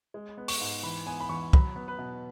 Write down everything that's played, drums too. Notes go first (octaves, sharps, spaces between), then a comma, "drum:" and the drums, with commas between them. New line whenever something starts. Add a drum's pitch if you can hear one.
G#3
B3
C#6, drum: open hi-hat
G#2
E3 B5
B3 G#5
B5
E2 C#6
F#3 B5, drum: kick
B3
B4
B2